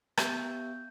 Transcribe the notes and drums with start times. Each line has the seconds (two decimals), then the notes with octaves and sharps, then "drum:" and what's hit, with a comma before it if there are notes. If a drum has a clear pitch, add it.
0.17 B3 G4 E5 G6, drum: rim click